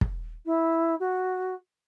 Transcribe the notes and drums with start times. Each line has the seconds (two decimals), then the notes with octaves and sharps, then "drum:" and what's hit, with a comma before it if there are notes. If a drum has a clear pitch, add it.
0.01 drum: kick
0.45 E4
1.00 F#4